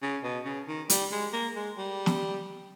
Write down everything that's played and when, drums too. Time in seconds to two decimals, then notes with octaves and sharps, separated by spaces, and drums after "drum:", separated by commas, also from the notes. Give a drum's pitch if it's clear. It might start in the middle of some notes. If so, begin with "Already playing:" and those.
0.02 C#3
0.24 B2
0.45 C#3
0.68 D#3
0.90 G3, drum: hi-hat
1.12 G#3
1.33 A#3
1.56 G#3
1.78 G3
2.06 drum: snare